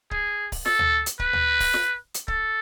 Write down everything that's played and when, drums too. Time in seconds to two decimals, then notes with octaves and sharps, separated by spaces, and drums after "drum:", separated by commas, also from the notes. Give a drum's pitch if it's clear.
0.11 G#4, drum: kick C#1
0.52 drum: kick C#1, open hi-hat
0.66 A4, drum: snare
0.79 drum: tom
1.06 drum: hi-hat
1.19 B4, drum: kick C#1
1.33 drum: tom
1.60 drum: kick C#1, open hi-hat
1.74 drum: snare
2.14 drum: hi-hat
2.28 A4, drum: kick C#1